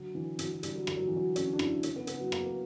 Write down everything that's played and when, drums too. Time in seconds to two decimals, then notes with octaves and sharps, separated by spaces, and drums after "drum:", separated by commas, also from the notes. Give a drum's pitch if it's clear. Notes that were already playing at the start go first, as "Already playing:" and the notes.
Already playing: D3 F#3
0.14 D3 E3
0.39 D3 F#3, drum: hi-hat
0.52 F#3
0.63 D3 G3, drum: hi-hat
0.76 F#3
0.87 D3 G3, drum: rim click
0.97 F#3
1.07 D3 E3
1.17 F#3
1.36 D3 C#4, drum: hi-hat
1.53 D4
1.59 E2 E4, drum: rim click
1.83 C#3 C#4, drum: hi-hat
1.96 B3
2.07 C#3 B3, drum: hi-hat
2.20 F#3
2.32 C#3 A#3, drum: rim click
2.46 B3